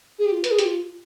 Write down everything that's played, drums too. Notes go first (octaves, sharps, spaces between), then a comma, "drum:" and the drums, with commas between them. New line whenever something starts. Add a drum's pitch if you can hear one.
G#4
G4
F4
B4, drum: hi-hat
G#4
G4, drum: hi-hat
F4